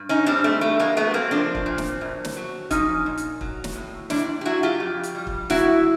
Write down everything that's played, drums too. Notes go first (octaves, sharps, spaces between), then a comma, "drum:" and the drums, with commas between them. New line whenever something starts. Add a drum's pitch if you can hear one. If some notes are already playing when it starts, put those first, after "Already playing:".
Already playing: G2
C#4 D#4
G3 C4 D4
A3
E2 A3
G#3 A#3
F#3 A3 B3
A#3 C4
F3 C4 D4
drum: kick
A#2
drum: snare
F#2
drum: snare
F#3
F3 C#4 D#4, drum: kick, hi-hat
A#2
drum: hi-hat
F#3, drum: kick
drum: snare
A2
G#2 D4 E4, drum: snare
G4
F#3 E4 F#4
F4 G4
F2
drum: hi-hat
G3
drum: kick
F#3 E4 F#4, drum: snare